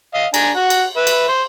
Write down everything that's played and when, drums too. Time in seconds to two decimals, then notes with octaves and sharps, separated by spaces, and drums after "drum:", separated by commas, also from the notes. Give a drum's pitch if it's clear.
0.14 D#5 F5
0.34 D4 G#5 A#5, drum: cymbal
0.56 F#4 F#5
0.70 drum: cymbal
0.97 B4 E5
1.07 drum: cymbal
1.28 C5